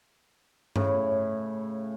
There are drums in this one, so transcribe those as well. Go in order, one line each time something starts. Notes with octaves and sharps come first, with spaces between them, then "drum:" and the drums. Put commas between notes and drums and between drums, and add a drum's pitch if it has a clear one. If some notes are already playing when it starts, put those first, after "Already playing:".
A2 C#3, drum: tom G2